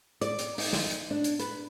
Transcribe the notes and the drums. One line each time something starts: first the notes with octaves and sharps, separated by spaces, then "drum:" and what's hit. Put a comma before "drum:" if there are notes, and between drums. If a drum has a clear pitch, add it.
D5, drum: hi-hat
drum: hi-hat
D#4, drum: open hi-hat
drum: snare
drum: hi-hat
D4
drum: hi-hat
B4, drum: hi-hat